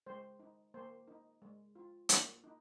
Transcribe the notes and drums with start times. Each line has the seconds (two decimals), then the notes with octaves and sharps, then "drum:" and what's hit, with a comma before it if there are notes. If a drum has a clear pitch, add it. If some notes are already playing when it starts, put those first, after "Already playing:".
0.06 G#3 C5
0.40 D#4
0.74 A#3 C5
1.08 D#4
1.42 G#3
1.75 F4
2.09 A#3, drum: hi-hat
2.44 D#4